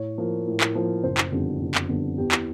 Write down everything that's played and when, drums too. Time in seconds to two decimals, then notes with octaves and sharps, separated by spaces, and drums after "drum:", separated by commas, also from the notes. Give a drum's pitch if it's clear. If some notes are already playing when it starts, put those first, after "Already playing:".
Already playing: A2 C#5
0.18 F3 A#3
0.47 A2
0.61 drum: clap
0.75 F3 A#3
1.03 F#1 C5
1.18 drum: clap
1.32 F2 D3 G3 B3
1.61 F#1
1.75 drum: clap
1.88 F2 D3 G3 B3
2.18 E2 G4
2.32 drum: clap